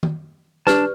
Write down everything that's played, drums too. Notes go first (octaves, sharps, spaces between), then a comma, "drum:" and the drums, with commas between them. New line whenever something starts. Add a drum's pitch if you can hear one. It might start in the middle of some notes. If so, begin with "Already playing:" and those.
drum: tom D#3
D4 G4 B4 D5 A5, drum: snare